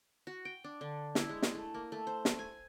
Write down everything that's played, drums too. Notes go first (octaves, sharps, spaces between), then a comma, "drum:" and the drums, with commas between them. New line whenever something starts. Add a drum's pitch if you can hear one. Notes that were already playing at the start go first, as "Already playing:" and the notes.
F#4
G5
D4
D3
E4, drum: snare
G#3
drum: snare
A3
A#3
A3
C5
drum: snare
G#5